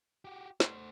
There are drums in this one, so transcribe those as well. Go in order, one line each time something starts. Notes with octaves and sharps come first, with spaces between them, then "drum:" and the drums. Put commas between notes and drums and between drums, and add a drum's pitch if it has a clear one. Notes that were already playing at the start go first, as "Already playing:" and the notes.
F#4 G4
A3 C5, drum: snare